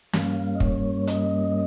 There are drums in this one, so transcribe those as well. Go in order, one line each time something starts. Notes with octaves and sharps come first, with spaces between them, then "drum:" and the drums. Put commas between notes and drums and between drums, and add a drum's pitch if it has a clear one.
G2 G3 A#3 C#4 F5, drum: snare
D#5
C#5, drum: kick
D#5, drum: hi-hat